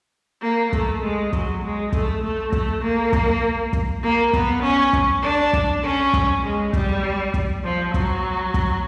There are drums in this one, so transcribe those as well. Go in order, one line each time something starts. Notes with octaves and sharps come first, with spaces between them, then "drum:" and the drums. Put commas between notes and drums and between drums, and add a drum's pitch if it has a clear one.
A#3
A3, drum: kick
G#3
F#3, drum: kick
G#3
A3, drum: kick
A3
A3, drum: kick
A#3
drum: kick
drum: kick
A#3
B3, drum: kick
C#4
drum: kick
D4
drum: kick
C#4
drum: kick
G#3
G3, drum: kick
drum: kick
F3
F#3, drum: kick
drum: kick